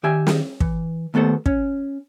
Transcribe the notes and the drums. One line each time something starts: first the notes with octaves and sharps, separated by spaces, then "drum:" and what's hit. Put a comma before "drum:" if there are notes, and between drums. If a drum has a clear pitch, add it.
D#3 G4 E5 G#5
drum: snare
E3, drum: kick
D#2 A3 B3 A4 C5
C#4, drum: kick